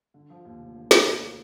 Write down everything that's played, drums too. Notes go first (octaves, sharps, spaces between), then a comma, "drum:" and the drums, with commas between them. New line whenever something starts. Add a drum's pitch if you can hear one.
D3
F3
D#2
F1
D3
F3, drum: snare
D#2